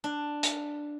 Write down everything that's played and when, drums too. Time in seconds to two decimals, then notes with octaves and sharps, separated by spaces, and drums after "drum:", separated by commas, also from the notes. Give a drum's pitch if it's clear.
0.04 D4
0.43 drum: hi-hat